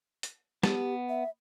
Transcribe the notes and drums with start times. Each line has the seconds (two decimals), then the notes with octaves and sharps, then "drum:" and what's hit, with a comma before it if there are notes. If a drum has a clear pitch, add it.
0.23 drum: hi-hat
0.63 B3 G4 A5, drum: snare
1.09 E5